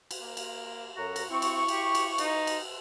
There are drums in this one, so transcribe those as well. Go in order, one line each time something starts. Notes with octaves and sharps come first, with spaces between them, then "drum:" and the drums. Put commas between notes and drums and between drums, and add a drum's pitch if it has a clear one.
drum: cymbal
A#3
drum: cymbal
F#2 F#4 A4 A#5
drum: cymbal
C4 E4 C#6
drum: cymbal
G4, drum: cymbal
drum: cymbal
D#4, drum: cymbal
drum: cymbal